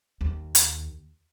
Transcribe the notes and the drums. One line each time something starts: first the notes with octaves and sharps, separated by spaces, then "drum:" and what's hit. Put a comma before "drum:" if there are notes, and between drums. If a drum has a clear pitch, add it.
D#2
drum: hi-hat